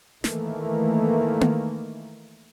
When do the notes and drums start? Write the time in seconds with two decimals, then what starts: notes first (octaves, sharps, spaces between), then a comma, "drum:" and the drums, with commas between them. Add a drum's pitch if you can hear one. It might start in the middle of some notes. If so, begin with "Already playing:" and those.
0.24 D#3 E3 A3 A#3, drum: snare
1.41 drum: tom A#3